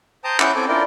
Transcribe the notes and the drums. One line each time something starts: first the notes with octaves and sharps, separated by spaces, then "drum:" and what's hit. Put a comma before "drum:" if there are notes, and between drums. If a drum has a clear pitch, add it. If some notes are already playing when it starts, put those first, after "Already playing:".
C5 G5 A5 A#5 D#6
C#4 E4 F#5 C#6 D6 G6, drum: clap
C4 A4 G#5 D6
D4 E4 F4 A#4 D5 G5